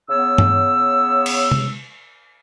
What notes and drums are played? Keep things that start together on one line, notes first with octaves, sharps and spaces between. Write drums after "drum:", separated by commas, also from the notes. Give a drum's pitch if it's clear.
C#3 B3 C#5 E6
drum: tom G2
drum: cymbal
drum: tom C3